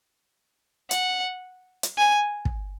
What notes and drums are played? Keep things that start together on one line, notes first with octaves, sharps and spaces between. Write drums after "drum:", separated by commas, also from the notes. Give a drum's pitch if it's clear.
F#5, drum: hi-hat
drum: hi-hat
G#5
drum: kick